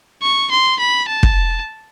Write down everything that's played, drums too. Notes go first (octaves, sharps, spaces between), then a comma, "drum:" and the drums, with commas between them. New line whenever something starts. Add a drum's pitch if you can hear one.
C#6
C6
B5
A5
drum: kick